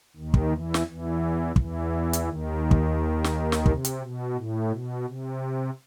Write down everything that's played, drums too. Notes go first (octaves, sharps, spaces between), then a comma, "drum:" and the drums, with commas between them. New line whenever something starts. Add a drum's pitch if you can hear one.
D#2 D#3
drum: kick
E2 E3
drum: snare
E2 E3
E2 E3, drum: kick
drum: hi-hat
D#2 D#3
drum: kick
drum: snare
drum: snare
C3, drum: kick
drum: hi-hat
B2
A2
B2
C3